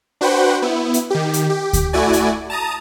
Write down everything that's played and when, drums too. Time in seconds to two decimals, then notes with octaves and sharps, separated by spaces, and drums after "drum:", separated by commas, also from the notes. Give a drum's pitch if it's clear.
0.21 D4 F#4 B4 C5 F#5 G5
0.62 B3 E4
0.94 drum: hi-hat
1.10 D#3 G4
1.34 drum: hi-hat
1.50 G4
1.73 drum: kick D2, hi-hat
1.93 A3 E4 F#4 D5 G#5
2.13 drum: hi-hat
2.50 A5 A#5 D#6